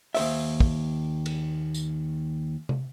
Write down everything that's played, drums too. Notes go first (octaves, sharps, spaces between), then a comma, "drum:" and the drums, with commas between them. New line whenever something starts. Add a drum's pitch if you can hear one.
D#2 C5 E5, drum: open hi-hat
drum: kick
drum: cymbal
drum: tambourine
drum: tom C3